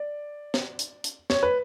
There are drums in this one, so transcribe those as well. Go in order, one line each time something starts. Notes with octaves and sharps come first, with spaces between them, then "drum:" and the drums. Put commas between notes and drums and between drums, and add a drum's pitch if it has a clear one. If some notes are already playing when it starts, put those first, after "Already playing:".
Already playing: D5
drum: snare
drum: hi-hat
drum: hi-hat
C#5, drum: snare
B4